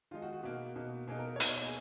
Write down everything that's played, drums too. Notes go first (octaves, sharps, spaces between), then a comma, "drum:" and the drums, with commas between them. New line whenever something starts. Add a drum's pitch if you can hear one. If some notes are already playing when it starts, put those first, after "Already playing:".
D#3 G#3 D#4 F4
F#4
F#4
B2 A#3 D#4
B2 A#3 D#4
B2 A#3 D#4 G#4
A#4
C#5
B2 A#3 D#4 B4, drum: hi-hat
C#5
D#5
G#4